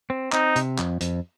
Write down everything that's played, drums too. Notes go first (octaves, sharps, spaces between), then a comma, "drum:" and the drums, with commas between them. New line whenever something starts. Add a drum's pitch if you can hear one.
C4
C4 D#4, drum: clap
C3, drum: hi-hat
F2, drum: clap
F2, drum: hi-hat